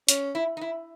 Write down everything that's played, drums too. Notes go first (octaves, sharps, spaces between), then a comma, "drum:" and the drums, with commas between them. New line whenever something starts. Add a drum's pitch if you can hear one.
C#4, drum: hi-hat
E4
D#4
E4